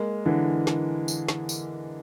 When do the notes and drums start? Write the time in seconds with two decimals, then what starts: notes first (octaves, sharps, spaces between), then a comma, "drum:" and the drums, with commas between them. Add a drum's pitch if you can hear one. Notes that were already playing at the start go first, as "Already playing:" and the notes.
Already playing: G#3 A#3
0.25 D3 E3
0.67 drum: snare
1.08 drum: tambourine
1.28 drum: snare
1.49 drum: tambourine